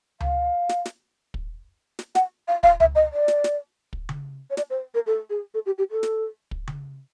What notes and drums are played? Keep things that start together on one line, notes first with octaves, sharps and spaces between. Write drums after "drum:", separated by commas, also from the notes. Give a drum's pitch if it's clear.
F5, drum: tom C#2
drum: snare
drum: snare
drum: kick
drum: snare
F#5, drum: snare
F5
F5, drum: kick
E5, drum: tom C#2
D#5
D5
drum: snare
drum: snare
drum: kick
drum: tom C#3
C#5
D5, drum: snare
C5
A#4
A4
G#4
A4
G4
G4
A4
drum: snare
drum: kick
drum: tom C#3